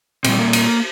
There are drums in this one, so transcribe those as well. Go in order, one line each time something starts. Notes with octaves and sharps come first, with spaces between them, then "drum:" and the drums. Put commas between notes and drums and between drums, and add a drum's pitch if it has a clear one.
A#2 G3 C4, drum: cymbal
A#3
drum: cymbal